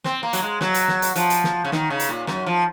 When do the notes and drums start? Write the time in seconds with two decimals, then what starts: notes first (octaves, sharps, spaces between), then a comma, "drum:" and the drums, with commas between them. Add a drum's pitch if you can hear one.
0.04 C4, drum: snare
0.23 A#3
0.33 F#3, drum: hi-hat
0.42 G#3
0.61 F#3, drum: snare
0.74 drum: hi-hat
0.88 drum: snare
1.02 drum: hi-hat
1.16 F3, drum: hi-hat
1.30 drum: hi-hat
1.44 drum: snare
1.65 C#3
1.72 D#3, drum: snare
1.90 C#3
2.00 drum: hi-hat
2.09 A#2
2.27 F#2, drum: snare
2.46 F3